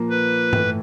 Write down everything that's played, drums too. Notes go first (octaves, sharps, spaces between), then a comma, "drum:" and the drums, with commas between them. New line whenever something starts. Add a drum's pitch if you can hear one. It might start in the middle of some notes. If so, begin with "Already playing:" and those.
Already playing: A#2 F3 A#3
B4
A2 E3 A3, drum: tom G2